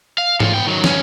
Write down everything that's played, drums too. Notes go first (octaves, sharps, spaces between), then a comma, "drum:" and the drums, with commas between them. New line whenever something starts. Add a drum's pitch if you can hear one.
F5
A2 F4, drum: tom G#2
B3 G5
D#3 F#3
G2 C#4, drum: snare